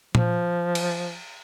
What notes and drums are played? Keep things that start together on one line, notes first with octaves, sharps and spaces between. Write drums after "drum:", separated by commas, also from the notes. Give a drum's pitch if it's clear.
F3, drum: tom A#2
drum: cymbal